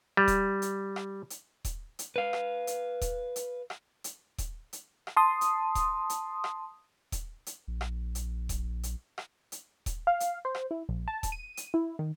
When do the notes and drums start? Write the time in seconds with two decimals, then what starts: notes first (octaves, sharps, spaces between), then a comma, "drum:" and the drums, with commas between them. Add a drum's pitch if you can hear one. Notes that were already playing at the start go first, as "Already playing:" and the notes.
0.17 G3
0.28 drum: kick D#1, hi-hat
0.62 drum: hi-hat
0.96 drum: rim click
1.30 drum: hi-hat
1.65 drum: kick D#1, hi-hat
1.99 drum: hi-hat
2.16 B4 F5
2.33 drum: rim click
2.67 drum: hi-hat
3.01 drum: kick D#1, hi-hat
3.36 drum: hi-hat
3.70 drum: rim click
4.04 drum: hi-hat
4.38 drum: kick D#1, hi-hat
4.73 drum: hi-hat
5.07 drum: rim click
5.17 A5 C6 D#6
5.41 drum: hi-hat
5.75 drum: kick D#1, hi-hat
6.10 drum: hi-hat
6.44 drum: rim click
7.12 drum: kick D#1, hi-hat
7.46 drum: hi-hat
7.68 A#1
7.81 drum: rim click
8.15 drum: hi-hat
8.49 drum: kick D#1, hi-hat
8.83 drum: hi-hat
9.18 drum: rim click
9.52 drum: hi-hat
9.86 drum: kick D#1, hi-hat
10.07 F5
10.20 drum: hi-hat
10.45 C5
10.55 drum: rim click
10.71 E4
10.89 A#1
11.08 A5
11.23 drum: kick D#1, hi-hat
11.32 D#7
11.57 drum: hi-hat
11.74 E4
11.99 D#3